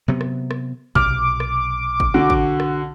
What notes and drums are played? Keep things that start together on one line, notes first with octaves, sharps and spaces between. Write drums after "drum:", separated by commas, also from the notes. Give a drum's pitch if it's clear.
C3 F#3 B3
drum: rim click
drum: rim click
B1 C3 D6 F6, drum: kick G#1
drum: rim click
drum: kick G#1
D3 F#4
drum: kick G#1
drum: rim click